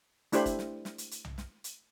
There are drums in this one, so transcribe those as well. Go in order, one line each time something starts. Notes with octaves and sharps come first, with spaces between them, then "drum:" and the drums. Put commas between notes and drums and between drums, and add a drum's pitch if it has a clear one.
A3 D4 E4 G4 C5 B5, drum: hi-hat
drum: kick, hi-hat
drum: snare
drum: snare
drum: hi-hat
drum: hi-hat
drum: tom B1
drum: snare
drum: hi-hat